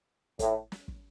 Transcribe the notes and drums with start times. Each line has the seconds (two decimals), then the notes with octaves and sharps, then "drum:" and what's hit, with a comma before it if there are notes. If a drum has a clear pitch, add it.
0.39 A2, drum: kick, hi-hat
0.72 drum: snare
0.88 drum: kick